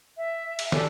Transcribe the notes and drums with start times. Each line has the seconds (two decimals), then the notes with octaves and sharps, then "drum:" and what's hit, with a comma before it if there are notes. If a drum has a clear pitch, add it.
0.17 E5
0.59 drum: cymbal
0.72 D4 G4 A4 G#5, drum: snare